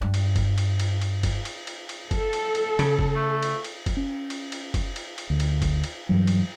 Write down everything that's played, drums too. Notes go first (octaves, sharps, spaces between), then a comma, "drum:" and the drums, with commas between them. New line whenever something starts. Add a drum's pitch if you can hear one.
G2
drum: cymbal
drum: kick F#1, cymbal
drum: cymbal
drum: cymbal
drum: cymbal
drum: kick F#1, cymbal
drum: cymbal
drum: cymbal
drum: cymbal
A4, drum: kick F#1, cymbal
drum: cymbal
drum: cymbal
C#3, drum: cymbal
drum: kick F#1
A3
drum: cymbal
drum: cymbal
drum: kick F#1, cymbal
C#4
drum: cymbal
drum: cymbal
drum: kick F#1, cymbal
drum: cymbal
drum: cymbal
D2
drum: cymbal
drum: kick F#1, cymbal
drum: cymbal
G2 E3 F#3
drum: cymbal